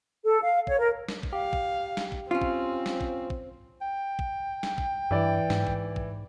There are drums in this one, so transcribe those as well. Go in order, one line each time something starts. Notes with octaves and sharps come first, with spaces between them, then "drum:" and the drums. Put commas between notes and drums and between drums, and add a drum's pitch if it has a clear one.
A4
F5
C#5, drum: kick
A#4
drum: snare
drum: kick
G4 F5
drum: kick
drum: snare
drum: kick
C4 C#4 F4
drum: kick
drum: snare
drum: kick
drum: kick
G5
drum: kick
drum: snare
drum: kick
G2 E3 D5
G#2, drum: snare
drum: kick
drum: kick